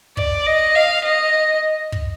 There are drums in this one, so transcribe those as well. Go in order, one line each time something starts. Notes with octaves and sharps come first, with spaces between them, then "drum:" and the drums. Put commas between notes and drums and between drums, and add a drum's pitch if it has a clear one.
D5, drum: kick
D#5
F5
D#5
drum: kick